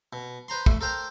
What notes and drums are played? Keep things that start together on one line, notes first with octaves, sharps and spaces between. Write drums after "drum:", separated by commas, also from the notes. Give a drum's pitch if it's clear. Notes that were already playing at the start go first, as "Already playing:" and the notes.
B2
B4 C5 A#5 C6
A3, drum: kick
A4 A#4 C5 G5 A#5